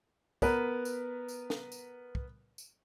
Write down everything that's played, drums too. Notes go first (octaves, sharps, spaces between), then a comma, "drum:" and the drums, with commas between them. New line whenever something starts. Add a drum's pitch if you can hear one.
B3 A#4 B4, drum: kick, tambourine
drum: tambourine
drum: tambourine
drum: snare
drum: tambourine
drum: kick
drum: tambourine